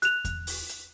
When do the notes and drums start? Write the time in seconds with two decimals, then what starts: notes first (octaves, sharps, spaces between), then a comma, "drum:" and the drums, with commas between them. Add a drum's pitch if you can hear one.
0.02 F#6 F7, drum: hi-hat
0.25 drum: kick E2, hi-hat
0.47 drum: open hi-hat
0.69 drum: hi-hat